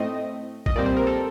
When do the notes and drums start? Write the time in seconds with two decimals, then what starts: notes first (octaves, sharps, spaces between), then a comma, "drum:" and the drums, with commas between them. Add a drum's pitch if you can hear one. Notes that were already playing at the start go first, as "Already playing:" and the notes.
Already playing: A2 A3 C4 D#5
0.66 D#5, drum: kick A1
0.76 A#2 G3 C4 D5
0.86 C5
0.97 A#4
1.07 A4